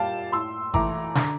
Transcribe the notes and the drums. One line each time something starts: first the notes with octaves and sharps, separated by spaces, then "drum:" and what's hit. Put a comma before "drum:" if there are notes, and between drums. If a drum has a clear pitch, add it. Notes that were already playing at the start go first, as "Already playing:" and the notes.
Already playing: A#2 G3 F5 G5 A5
A2 C6 E6
E3 A3 A#5 D6, drum: kick G#1
D3, drum: snare